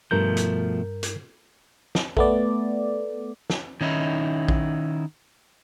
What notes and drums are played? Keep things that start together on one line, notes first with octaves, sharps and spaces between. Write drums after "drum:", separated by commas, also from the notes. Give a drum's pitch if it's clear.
G2 B2 F3 A3 A#4 G6
drum: hi-hat
drum: hi-hat
drum: snare
A3 B3 D5, drum: kick A#1
drum: snare
D#3 C#4 D#4 E4
drum: kick A#1